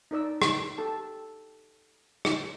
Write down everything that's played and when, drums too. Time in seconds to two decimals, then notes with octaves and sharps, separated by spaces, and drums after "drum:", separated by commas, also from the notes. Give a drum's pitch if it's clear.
0.11 D#4 A#4 D5 E6
0.42 drum: rim click
0.78 G4 A4 A5
2.25 drum: rim click